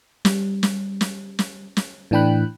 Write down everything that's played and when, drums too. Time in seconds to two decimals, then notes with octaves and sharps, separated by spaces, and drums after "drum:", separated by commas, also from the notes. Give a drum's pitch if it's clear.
0.25 G3, drum: snare
0.63 drum: snare
1.01 drum: snare
1.39 drum: snare
1.77 drum: snare
2.11 A2 E3 D4 G5 B5 F#6